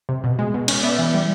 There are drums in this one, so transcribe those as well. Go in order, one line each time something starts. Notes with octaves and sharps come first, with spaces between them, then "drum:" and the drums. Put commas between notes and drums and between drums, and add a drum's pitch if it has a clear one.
C3
B2
G#3
B2
C#4, drum: cymbal
B3 D5 E5
E3
G3